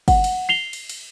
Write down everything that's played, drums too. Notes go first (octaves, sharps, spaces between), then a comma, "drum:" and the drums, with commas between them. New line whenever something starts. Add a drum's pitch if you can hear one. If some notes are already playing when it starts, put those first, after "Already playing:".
F#5, drum: kick, cymbal
drum: cymbal
C7 F7 G7
drum: cymbal
drum: cymbal